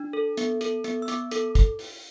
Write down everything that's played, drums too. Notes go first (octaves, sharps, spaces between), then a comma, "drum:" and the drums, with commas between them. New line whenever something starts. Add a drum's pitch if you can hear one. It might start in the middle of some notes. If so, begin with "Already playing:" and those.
Already playing: D4
A4
B3, drum: hi-hat
A4, drum: hi-hat
B3, drum: hi-hat
E6
B3 D6, drum: hi-hat
A4, drum: hi-hat
drum: kick, hi-hat
drum: open hi-hat